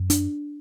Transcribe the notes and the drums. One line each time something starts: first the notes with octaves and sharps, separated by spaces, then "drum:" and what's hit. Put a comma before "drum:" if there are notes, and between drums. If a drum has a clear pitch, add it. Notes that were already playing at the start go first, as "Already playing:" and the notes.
Already playing: F#2
D4, drum: hi-hat